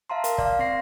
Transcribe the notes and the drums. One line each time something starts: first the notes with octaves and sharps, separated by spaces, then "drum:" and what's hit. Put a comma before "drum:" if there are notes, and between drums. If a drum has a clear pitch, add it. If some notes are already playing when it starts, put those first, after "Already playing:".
E5 F5 A5 A#5 C6
A#4, drum: hi-hat
D5 F5, drum: kick
C4 F5 C6 A#6 C7